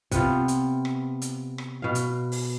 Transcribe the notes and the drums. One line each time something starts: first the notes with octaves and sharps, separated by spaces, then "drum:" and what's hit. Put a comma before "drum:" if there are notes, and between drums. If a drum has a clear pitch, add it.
C3 B3 F4, drum: kick C2, hi-hat
drum: hi-hat
drum: rim click
drum: hi-hat
drum: rim click
B2 F5
drum: hi-hat
drum: open hi-hat